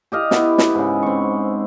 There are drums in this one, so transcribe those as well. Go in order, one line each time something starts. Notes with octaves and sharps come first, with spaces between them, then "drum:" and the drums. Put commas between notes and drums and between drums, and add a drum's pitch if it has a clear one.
G4 D#5 F5
B3 E4, drum: snare
drum: snare
G#2 C#3
C4 C#6